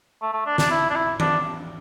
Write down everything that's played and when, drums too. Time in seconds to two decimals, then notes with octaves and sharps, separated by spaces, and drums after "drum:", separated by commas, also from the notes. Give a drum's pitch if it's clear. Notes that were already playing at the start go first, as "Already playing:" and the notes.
0.22 A3
0.33 A3
0.46 D4
0.58 D4, drum: snare
0.71 E4
0.90 D4
0.95 E4
1.20 D4, drum: tom D#3